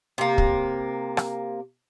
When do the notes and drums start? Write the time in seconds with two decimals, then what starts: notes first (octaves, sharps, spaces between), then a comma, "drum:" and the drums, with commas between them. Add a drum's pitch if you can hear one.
0.18 C3 A#3
0.38 drum: kick
1.17 drum: rim click